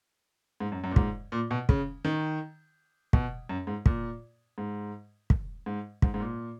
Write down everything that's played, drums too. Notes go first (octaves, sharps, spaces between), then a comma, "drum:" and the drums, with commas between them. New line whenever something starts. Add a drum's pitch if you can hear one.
G#2
F#2
F#2
A#2
G#2, drum: kick
A#2
B2
C#3, drum: kick
D#3
B2, drum: kick
F#2
G#2
A#2, drum: kick
G#2
drum: kick
G#2
G#2, drum: kick
G#2
A#2